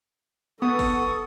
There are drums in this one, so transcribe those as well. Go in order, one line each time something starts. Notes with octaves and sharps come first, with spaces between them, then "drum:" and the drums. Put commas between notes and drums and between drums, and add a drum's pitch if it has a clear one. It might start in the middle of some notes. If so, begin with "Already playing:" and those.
B3 A4 C#6 D#6
drum: kick, open hi-hat